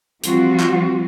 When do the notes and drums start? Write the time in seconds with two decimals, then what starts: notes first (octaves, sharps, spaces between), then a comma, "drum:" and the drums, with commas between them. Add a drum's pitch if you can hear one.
0.24 E3 F3 G3 C4 F4 F#4, drum: hi-hat
0.60 drum: clap